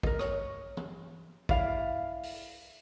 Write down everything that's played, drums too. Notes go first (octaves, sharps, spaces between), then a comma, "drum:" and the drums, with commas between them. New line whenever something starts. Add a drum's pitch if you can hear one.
A#4 D#5, drum: kick
C#5, drum: rim click
drum: tom E3
E4 D5 F5, drum: kick
drum: open hi-hat